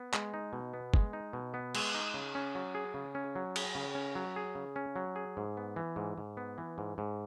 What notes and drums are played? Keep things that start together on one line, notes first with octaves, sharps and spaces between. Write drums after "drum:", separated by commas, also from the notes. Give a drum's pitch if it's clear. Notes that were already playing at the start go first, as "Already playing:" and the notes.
Already playing: B3
G#3, drum: clap
D#4
B2
B3
G#3, drum: kick F#1
D#4
B2
B3
G#3, drum: cymbal
D#4
C#3
C#4
F#3
G#4
C#3
C#4
F#3
G#4, drum: cymbal
C#3
C#4
F#3
G#4
C#3
C#4
F#3
G#4
G#2
B3
E3
G#2
G#2
B3
E3
G#2
G#2